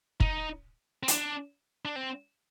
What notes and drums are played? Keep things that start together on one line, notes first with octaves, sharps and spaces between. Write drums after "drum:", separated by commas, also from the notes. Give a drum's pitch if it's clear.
D#4, drum: kick
C4
D4, drum: hi-hat
D4
C4